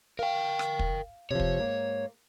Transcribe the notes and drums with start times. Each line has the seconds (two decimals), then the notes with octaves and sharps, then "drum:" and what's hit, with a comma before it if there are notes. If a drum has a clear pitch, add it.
0.19 A#4 F5 G5
0.59 drum: rim click
0.79 drum: kick
1.31 C3 F3 C#5
1.40 drum: kick
1.59 G#2 A#3